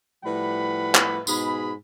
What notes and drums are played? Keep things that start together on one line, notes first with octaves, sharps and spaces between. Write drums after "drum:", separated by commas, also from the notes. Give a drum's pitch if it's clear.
A2 F3 G3 B4 F#5 B5
drum: clap
G#2 B2 G#4 B5, drum: tambourine